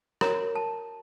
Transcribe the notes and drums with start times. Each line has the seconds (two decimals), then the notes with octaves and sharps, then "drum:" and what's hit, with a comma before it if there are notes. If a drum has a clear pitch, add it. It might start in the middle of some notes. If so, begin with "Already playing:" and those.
0.21 F#4 A#4 C#5 A#5, drum: rim click
0.55 A5